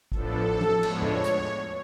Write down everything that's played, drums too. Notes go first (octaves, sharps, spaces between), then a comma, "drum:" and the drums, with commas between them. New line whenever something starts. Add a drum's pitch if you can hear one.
A2 F3 B3 D4 A4, drum: kick G#1
drum: tom F3
A2 F3 G#3 B3 D4 C#5, drum: cymbal
drum: tom E2
drum: hi-hat